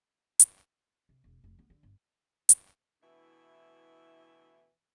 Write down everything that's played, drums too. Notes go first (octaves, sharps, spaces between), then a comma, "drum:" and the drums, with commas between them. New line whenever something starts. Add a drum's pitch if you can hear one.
drum: hi-hat
C3
E1
F1
B3
D3
G1
drum: hi-hat
D2 B2 E3 E4 E5